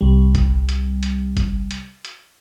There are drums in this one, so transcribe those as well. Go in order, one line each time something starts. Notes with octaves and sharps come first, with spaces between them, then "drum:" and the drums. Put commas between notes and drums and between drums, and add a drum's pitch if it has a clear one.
C2 G3
drum: kick G1, hi-hat
drum: hi-hat
drum: hi-hat
drum: kick G1, hi-hat
drum: hi-hat
drum: hi-hat